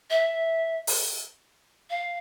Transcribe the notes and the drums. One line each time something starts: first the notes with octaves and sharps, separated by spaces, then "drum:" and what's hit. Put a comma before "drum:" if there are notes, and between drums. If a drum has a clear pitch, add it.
E5
drum: open hi-hat
F5